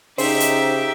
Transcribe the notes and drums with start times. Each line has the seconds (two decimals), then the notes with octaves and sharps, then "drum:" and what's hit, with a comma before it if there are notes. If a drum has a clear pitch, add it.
0.18 C#3 D#4 G4 C5 E5, drum: open hi-hat
0.40 drum: hi-hat